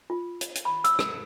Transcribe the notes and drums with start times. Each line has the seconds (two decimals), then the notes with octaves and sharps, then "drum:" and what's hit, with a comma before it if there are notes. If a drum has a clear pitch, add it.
0.10 F4
0.41 drum: hi-hat
0.55 drum: hi-hat
0.65 B5
0.84 E6, drum: hi-hat
0.99 drum: rim click